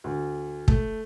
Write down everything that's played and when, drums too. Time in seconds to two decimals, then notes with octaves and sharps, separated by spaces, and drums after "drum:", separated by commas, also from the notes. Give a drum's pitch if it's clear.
0.04 D2
0.68 A3, drum: kick